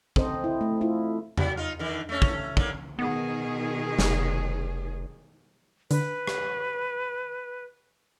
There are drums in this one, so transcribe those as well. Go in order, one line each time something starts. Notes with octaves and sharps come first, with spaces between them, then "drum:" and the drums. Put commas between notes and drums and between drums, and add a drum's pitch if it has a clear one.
C4 A4 C5 D#5, drum: kick
E4
A3
E4 F4
F#3, drum: tom E2
D#4 F4
D3 D#3
A3 C#4
drum: kick
D3 A#3, drum: kick
B2 D#3 B3 G#4
F1, drum: snare
D3 B4, drum: hi-hat
drum: rim click